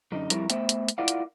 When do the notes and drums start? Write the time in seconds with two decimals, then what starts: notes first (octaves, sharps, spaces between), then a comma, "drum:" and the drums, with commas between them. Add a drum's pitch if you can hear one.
0.12 F#2 D3 D#4
0.30 F2 G3 E4 A#4 C#5, drum: hi-hat
0.50 A3 B3 C5 E5 G5, drum: hi-hat
0.69 drum: hi-hat
0.88 drum: hi-hat
0.98 E4 F4 A#4 D5 F5 F#5
1.08 drum: hi-hat